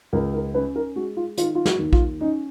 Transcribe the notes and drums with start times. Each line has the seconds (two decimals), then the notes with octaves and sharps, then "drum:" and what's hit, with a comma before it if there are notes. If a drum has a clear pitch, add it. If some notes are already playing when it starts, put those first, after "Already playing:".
0.13 C#2 A#4
0.34 A#4
0.54 C#4 B4
0.76 A#4
0.96 G#3 F#4
1.17 F4
1.37 D#3 F4, drum: hi-hat
1.55 F4
1.66 F#4, drum: snare
1.79 D#2
1.93 F4, drum: kick A#1
2.21 C#4 D#4